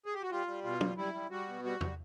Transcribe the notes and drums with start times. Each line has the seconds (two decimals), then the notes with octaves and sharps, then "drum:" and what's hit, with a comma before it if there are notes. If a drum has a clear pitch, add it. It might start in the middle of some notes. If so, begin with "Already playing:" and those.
0.06 G#4
0.14 G4
0.22 F#4
0.31 G3 F4
0.47 G3
0.64 B2 F4
0.81 G3, drum: tom
0.97 G3 E4
1.14 G3
1.31 G3 F#4
1.47 B2
1.64 G3 F#4
1.81 G3, drum: tom